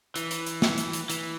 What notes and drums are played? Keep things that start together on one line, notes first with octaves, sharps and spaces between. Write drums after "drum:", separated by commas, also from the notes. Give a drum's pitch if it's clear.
E3, drum: hi-hat
drum: hi-hat
drum: hi-hat
drum: snare
drum: hi-hat
drum: hi-hat
E3, drum: hi-hat